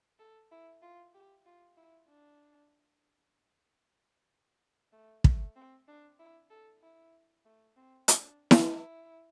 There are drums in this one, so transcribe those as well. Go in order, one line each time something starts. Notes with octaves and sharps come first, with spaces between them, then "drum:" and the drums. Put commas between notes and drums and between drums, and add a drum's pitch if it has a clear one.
A4
E4
F4
G4
F4
E4
D4
A3
A3, drum: kick
C4
D4
E4
A4
E4
A3
C4
D4, drum: hi-hat
drum: snare E4
E4